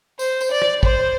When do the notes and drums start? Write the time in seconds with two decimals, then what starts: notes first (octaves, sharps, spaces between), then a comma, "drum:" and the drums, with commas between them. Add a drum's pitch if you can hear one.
0.19 C5, drum: tambourine
0.41 drum: tambourine
0.51 D5
0.62 drum: rim click
0.83 C5, drum: kick